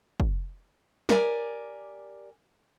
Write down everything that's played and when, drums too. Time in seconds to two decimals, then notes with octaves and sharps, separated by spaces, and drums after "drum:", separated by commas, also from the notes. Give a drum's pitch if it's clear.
0.20 drum: kick
1.09 G4 A#4 D5 G#5, drum: snare